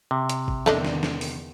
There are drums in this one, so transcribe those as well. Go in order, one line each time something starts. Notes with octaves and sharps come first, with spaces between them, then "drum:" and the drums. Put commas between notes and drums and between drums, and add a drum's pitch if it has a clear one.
C3
drum: hi-hat
drum: kick G1
E2 D3 D#3 A3 D4 D#5, drum: snare
drum: snare
drum: snare
drum: open hi-hat